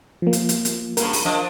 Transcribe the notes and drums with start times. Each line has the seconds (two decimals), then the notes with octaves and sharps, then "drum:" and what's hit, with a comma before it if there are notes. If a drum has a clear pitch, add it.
0.22 F3 A#3
0.33 drum: hi-hat
0.49 drum: hi-hat
0.65 drum: hi-hat
0.97 G2 C#3 F#3 A#4, drum: hi-hat
1.13 drum: open hi-hat
1.24 F3 D4 D#5